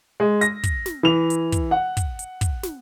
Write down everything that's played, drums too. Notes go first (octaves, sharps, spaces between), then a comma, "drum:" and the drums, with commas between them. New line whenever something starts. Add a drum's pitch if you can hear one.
G#3
A#6, drum: hi-hat
drum: kick, hi-hat
drum: snare
E3 F7
drum: hi-hat
drum: kick, hi-hat
F#5
drum: kick, hi-hat
drum: hi-hat
drum: kick, hi-hat
drum: snare